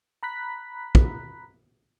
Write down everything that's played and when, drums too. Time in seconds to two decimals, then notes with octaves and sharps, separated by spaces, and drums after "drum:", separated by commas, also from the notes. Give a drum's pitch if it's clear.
0.23 A#5 B5 F#6 B6
0.95 drum: kick